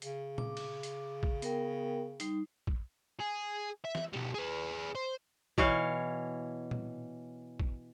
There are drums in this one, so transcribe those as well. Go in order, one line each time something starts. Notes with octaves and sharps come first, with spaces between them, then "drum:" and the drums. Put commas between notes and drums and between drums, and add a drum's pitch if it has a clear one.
C#3, drum: hi-hat
D6, drum: tom A#2
drum: cymbal
drum: hi-hat
drum: kick A#1
B3 A#4 G5, drum: hi-hat
G3 D#4, drum: hi-hat
drum: kick A#1
G#4
E5
drum: snare
B2 G3
G#4 B4
C5
B2 E3 C#5 F5, drum: kick A#1
drum: tom A#2
drum: kick A#1